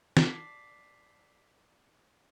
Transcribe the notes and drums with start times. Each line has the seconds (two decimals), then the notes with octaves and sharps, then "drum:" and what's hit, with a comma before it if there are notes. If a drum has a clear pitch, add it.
0.17 D5 A5 B6 C7, drum: snare